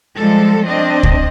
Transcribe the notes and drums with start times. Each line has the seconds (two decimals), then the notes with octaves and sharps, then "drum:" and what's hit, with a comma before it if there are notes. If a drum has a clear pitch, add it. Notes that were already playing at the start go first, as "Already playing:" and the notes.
0.16 F3 G3 G#3 A4
0.66 C4 D4 D#5
1.03 drum: kick